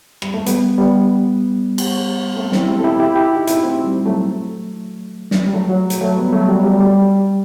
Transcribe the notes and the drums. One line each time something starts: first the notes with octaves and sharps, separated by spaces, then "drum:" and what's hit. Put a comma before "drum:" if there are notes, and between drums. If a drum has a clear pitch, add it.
G3, drum: rim click
A3
G3 B3, drum: hi-hat
G3 B3
drum: cymbal
A3 C4
C4 E4, drum: snare
E4 G4
A4
E4 G4
E4 G4
E4 G4
D#4 F#4
C4 E4, drum: hi-hat
A3 C4
G3
F#3 A3
drum: snare
G3
F#3 A3
F#3
drum: hi-hat
F#3 A3
G3 B3
F#3 A3
G3
G3
G3